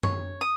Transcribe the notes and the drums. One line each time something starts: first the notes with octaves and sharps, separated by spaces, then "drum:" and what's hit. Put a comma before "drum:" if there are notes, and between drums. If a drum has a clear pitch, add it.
C#5, drum: tom F#2
D#6